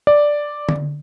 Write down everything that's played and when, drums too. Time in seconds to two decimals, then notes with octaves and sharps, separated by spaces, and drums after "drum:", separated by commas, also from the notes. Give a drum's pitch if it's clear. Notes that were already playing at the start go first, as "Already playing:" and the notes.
0.07 D5
0.69 drum: tom D3